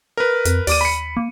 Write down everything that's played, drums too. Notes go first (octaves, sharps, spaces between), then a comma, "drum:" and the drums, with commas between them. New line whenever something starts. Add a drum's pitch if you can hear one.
A#4 B4
F2, drum: hi-hat
D#2 D5 D6 D#7, drum: open hi-hat
B5 C#7
A#3